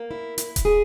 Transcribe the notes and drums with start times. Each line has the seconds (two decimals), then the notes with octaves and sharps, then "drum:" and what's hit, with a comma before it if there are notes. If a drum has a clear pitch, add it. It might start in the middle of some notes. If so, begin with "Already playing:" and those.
Already playing: A#3
0.11 E4
0.38 E4, drum: hi-hat
0.56 drum: kick D#1, hi-hat
0.65 G#4